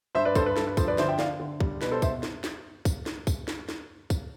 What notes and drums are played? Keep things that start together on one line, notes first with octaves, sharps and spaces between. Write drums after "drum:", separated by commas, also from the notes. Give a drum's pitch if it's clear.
G2 C5 E5
B4 D5
G2 A4 C5, drum: kick, tambourine
B4
G2 A4, drum: snare
B4
F3 A4 C5, drum: kick, tambourine
B4 D5
D3 C5 E5, drum: snare
E5 G5
D3 D5 F5, drum: snare
D3
G3, drum: kick
B2 B4, drum: snare
A4 C5
B2 C5 E5, drum: kick, tambourine
drum: snare
drum: snare
drum: kick, tambourine
drum: snare
drum: kick, tambourine
drum: snare
drum: snare
drum: kick, tambourine